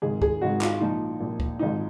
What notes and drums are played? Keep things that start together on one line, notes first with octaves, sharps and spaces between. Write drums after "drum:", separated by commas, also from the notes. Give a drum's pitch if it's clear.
G#1 G#2 D#3 G#4
G#4, drum: kick
G#1 G#2 D#3 F#4
F4, drum: clap
A#1 A#2 F3 D#4
A#1 A#2 F3
drum: kick
G#1 G#2 F3 D#4